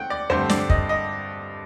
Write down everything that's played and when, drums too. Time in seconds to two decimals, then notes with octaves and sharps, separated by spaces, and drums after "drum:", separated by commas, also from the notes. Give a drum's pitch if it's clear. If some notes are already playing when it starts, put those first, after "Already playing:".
Already playing: D#3 A3 C4 F#5 G5
0.10 D5
0.30 G2 D3 A3 C4 C5
0.49 D5, drum: snare
0.70 D#5, drum: kick
0.89 D#5